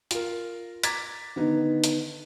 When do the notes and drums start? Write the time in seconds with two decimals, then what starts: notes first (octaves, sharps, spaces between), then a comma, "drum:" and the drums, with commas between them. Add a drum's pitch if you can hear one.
0.11 F4 A#4, drum: hi-hat
0.83 A#5 D6 G#6 A6 B6, drum: hi-hat
1.36 D3 D#3 B3 D#4
1.84 drum: hi-hat